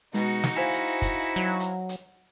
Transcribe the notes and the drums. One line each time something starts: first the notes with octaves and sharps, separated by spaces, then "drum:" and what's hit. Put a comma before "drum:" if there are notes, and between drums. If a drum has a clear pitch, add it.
B2 G#3 D#4 F#4, drum: hi-hat
drum: snare
E4 C5 F5 G#5
drum: hi-hat
drum: kick, hi-hat
F#3
drum: hi-hat
drum: hi-hat